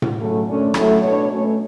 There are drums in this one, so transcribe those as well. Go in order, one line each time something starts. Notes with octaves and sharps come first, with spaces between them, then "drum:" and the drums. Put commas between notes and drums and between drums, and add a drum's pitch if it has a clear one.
drum: tom A2
C#3 F#3 A3
F#2 D3 A3 C#4
A2 F#3 A3, drum: rim click
B2 A3 D4 C#5
B2 A3 C#4